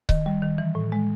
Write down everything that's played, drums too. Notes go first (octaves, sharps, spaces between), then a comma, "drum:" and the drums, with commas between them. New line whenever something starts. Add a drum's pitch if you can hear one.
D#3, drum: kick C#1
G3
D#3
E3
A2
G#3